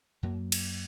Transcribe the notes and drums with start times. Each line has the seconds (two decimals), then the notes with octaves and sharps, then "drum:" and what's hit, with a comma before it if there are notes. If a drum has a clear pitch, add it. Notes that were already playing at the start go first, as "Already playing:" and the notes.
0.23 F#2 F#3 A#3
0.52 drum: cymbal